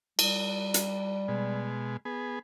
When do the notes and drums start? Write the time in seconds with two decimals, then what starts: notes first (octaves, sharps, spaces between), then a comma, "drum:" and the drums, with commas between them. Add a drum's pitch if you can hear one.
0.19 G3, drum: cymbal
0.74 drum: hi-hat
1.28 B2 G#3
2.05 B3 G#4